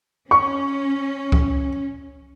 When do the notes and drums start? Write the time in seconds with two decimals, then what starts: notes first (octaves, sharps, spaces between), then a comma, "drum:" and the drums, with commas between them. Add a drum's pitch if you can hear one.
0.31 C#4 C#6
1.32 drum: kick C#2